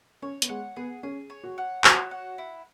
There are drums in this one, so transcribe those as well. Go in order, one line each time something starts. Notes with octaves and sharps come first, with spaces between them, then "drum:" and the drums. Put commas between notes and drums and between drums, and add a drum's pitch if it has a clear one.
C#4 C#5
B3, drum: hi-hat
G#3 F#5
B3 G#4
C#4 G#4
C#5
F#4
F#5
F#4 C#5, drum: clap
F#5
E4